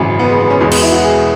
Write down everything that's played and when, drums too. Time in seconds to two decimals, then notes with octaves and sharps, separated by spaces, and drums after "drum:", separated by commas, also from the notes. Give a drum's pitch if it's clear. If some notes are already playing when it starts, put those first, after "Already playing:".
Already playing: G#1 F#2 C#3 E3
0.19 B3
0.29 G#3
0.40 B3
0.50 C#4
0.61 E1 E2 B2 G#3
0.72 B3, drum: cymbal
0.82 E4
0.92 F#4
1.03 G#4